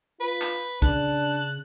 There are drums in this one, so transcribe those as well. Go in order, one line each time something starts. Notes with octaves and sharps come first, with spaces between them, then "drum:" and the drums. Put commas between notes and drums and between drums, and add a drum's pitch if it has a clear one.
F4 B4
drum: clap
C#3 D4 A5 F#6, drum: kick B1